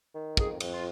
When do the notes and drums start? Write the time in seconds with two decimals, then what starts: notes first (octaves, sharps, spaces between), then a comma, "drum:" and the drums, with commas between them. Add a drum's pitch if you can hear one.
0.15 D#3
0.37 F2 G#4, drum: kick
0.60 F2, drum: cymbal
0.72 F4